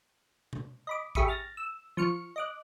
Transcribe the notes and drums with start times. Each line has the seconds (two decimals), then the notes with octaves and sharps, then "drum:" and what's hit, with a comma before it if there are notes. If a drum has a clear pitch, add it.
0.53 drum: tom B2
0.87 D#5 B5 D6
1.15 G4 G#4 E5 B5 C#6 D#6, drum: kick
1.28 F6 A6 A#6
1.57 E6
1.97 F3 C#6 F6 C#7
2.36 D#5 D6 F#6